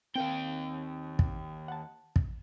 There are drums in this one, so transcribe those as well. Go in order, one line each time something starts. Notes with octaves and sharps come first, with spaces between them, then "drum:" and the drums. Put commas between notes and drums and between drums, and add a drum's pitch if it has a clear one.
D#2 C4 A#4 F5 G5
drum: kick
F#5 A5
drum: kick